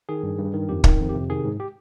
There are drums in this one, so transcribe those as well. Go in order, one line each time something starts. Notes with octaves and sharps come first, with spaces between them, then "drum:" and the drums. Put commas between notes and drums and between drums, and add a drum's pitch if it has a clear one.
D#3 G#4
G2
G2
D#3
F2 G4
D#3, drum: kick
F2
G4
C3
D#3 G#4
G#2
G4